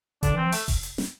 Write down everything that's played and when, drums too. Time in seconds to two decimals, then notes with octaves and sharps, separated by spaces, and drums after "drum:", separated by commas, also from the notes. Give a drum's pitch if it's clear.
0.23 D3 D4, drum: kick F1, hi-hat
0.34 E3 C4
0.46 F3
0.52 A3, drum: open hi-hat
0.68 drum: kick F1, open hi-hat
0.83 drum: hi-hat
0.98 drum: snare